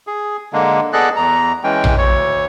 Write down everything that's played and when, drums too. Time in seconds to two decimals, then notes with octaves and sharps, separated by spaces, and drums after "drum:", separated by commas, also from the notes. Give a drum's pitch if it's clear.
0.07 G#4
0.53 D3 G#3 A#3
0.93 B3 G#4 A4 D5 D#5 F#6
1.16 E2 A#5
1.64 E3 G#3 C#4 G5
1.84 drum: tom A#1
1.98 D2 C#5